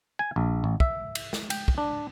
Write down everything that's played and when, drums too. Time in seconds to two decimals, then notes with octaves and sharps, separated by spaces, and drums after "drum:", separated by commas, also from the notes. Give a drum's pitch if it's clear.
0.19 G#5
0.36 A#1
0.64 A1
0.80 E5, drum: kick
1.15 drum: cymbal
1.33 drum: snare
1.50 G5, drum: cymbal
1.68 drum: kick
1.78 D4